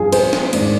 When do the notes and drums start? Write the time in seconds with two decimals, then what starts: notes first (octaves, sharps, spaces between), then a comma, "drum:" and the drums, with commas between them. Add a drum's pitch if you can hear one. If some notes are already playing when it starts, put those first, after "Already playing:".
Already playing: G2 F3 F4 G#4
0.12 C5, drum: cymbal
0.33 drum: snare D4
0.53 G#2 D#3 D5, drum: cymbal